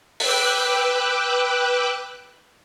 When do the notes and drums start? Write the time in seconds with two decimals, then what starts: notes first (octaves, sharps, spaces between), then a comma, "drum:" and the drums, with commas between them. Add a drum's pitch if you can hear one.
0.20 B4 G5 D6 E6 F#6, drum: open hi-hat